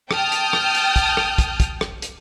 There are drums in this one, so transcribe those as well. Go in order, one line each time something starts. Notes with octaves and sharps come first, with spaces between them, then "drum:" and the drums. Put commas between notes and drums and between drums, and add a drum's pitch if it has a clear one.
G5 A5 D#6 F6 G6, drum: rim click
drum: hi-hat
drum: rim click
drum: hi-hat
drum: kick, hi-hat
drum: rim click
drum: kick, hi-hat
drum: kick, hi-hat
drum: rim click
drum: hi-hat